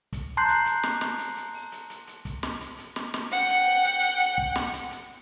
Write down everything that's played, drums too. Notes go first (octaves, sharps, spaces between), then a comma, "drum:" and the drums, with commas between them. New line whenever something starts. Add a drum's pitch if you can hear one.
drum: kick, hi-hat
A5 A#5 C6 F#6 G6 C7
drum: hi-hat
drum: hi-hat
drum: snare
drum: snare
drum: hi-hat
drum: hi-hat
drum: open hi-hat
drum: hi-hat
drum: hi-hat
drum: hi-hat
drum: kick, hi-hat
drum: snare
drum: hi-hat
drum: hi-hat
drum: snare
drum: snare
F#5 G5, drum: hi-hat
drum: hi-hat
drum: hi-hat
drum: hi-hat
drum: hi-hat
drum: kick
drum: snare
drum: hi-hat
drum: hi-hat